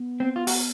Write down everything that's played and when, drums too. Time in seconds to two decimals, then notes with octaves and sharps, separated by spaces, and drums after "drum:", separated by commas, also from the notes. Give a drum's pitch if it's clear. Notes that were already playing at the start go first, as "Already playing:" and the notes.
Already playing: B3
0.20 C4
0.36 F4
0.47 F#4, drum: open hi-hat